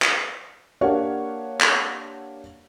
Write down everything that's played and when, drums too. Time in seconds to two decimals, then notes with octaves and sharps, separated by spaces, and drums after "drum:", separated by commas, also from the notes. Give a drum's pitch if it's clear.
0.02 drum: clap
0.81 A#3 D4 G4 C#5 F5 F#5
1.61 drum: clap